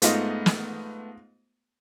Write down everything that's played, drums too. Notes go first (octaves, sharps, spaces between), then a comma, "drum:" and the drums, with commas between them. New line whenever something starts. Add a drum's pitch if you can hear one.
G#2 A3 B3 F4 D#5, drum: hi-hat
drum: snare